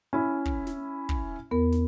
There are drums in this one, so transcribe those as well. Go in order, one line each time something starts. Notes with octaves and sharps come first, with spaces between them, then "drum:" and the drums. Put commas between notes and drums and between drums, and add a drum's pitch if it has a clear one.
C#4 E4
drum: kick
drum: snare
drum: kick
E2 B3 A#4
drum: snare